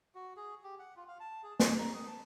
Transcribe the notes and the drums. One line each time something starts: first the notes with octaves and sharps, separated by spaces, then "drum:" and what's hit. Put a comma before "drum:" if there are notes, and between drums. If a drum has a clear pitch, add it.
F#4
G#4
G4
F#5
F4
F5
A5
G#4
D#5, drum: snare
A#5
D#6
A5